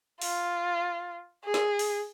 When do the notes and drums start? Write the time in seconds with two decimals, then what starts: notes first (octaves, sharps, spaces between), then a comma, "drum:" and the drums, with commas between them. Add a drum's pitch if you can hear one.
0.22 F4, drum: open hi-hat
1.44 G#4
1.54 drum: snare
1.79 drum: open hi-hat